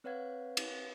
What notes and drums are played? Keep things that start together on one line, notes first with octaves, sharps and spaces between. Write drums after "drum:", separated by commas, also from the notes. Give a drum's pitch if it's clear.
C4 B4 C#5 F5 F#5 G#6
drum: cymbal